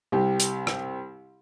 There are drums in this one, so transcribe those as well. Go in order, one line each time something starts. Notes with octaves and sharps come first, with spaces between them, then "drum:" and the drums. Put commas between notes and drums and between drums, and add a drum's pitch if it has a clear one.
C2 G4
drum: hi-hat
drum: rim click